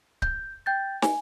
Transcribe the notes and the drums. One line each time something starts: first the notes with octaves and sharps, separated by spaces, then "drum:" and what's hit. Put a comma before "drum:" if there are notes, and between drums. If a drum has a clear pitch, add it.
G6, drum: kick C#1
G5 G6 A6
G#5, drum: snare